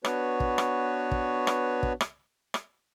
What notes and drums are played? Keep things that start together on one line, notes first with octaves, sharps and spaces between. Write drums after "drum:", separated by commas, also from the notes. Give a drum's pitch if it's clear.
B3 D4 F#4 B4 C#5, drum: rim click
drum: kick
drum: rim click
drum: kick
drum: rim click
drum: kick
drum: rim click
drum: rim click